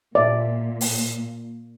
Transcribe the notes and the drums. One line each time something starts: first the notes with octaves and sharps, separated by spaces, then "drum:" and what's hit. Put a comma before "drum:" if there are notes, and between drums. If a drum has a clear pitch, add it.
A#2 D5 E5
drum: open hi-hat